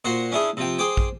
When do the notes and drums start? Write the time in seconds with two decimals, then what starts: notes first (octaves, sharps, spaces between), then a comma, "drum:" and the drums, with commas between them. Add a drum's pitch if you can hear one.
0.05 A#2 F#4 C5 F#5 C6
0.32 C#4 D4 E4 G#4
0.57 C3 F3 G5
0.79 G#4 C5 G5 D6
0.97 drum: kick